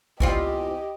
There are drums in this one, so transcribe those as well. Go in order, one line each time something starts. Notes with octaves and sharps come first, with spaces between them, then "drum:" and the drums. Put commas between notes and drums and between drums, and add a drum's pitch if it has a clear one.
E2 C4 F4 G4 D#5, drum: kick G#1